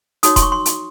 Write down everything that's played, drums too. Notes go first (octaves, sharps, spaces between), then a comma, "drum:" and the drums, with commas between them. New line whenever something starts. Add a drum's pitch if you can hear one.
D#4 F#4 C#5 D#6, drum: hi-hat
C6, drum: kick E1, hi-hat
C#6
C6
drum: hi-hat